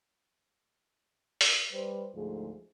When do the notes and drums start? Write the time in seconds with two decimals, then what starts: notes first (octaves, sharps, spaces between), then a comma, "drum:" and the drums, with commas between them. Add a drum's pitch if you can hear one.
1.41 drum: open hi-hat
1.73 G3 B4 C5
2.14 D2 G#2 F3 A3 G#4